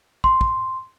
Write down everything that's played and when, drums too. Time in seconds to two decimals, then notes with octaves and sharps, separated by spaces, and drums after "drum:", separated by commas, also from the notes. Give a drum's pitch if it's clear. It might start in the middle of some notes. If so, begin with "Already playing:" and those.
0.24 C6, drum: kick
0.41 drum: kick